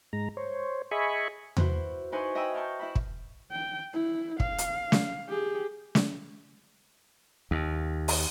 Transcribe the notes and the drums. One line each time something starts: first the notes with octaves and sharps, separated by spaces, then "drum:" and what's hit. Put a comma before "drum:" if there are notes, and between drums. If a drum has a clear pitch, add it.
G#2 G#3 A#5
C5 C#5
G#4 D#5 E5 G#5 B5 C#6
E4 F#4 B4 C5, drum: tom E2
D#4 E4 B4 C5 G#5 C#6
D#5 E5 G5 G#5 B5 E6
F5 G5 A5 C#6 G6
E4 E5 B5
drum: kick
G5
E4
F5, drum: kick
drum: hi-hat
drum: snare
G4 G#4
drum: snare
D#2
drum: open hi-hat